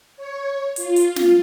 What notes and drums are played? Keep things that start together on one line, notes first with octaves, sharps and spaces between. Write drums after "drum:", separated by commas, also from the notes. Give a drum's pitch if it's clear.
C#5
F4, drum: hi-hat
drum: hi-hat
drum: snare